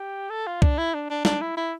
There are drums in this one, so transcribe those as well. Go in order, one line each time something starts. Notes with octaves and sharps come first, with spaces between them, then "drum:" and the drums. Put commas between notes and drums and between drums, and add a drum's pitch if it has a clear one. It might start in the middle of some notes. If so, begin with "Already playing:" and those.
Already playing: G4
A4
F4
D4, drum: kick C2
E4
D4
D4
D4, drum: snare
E4
E4